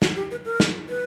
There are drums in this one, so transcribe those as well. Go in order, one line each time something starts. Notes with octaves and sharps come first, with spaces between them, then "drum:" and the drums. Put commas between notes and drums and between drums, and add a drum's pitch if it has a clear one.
F#4, drum: snare
G4
B4
A#4
drum: snare
B4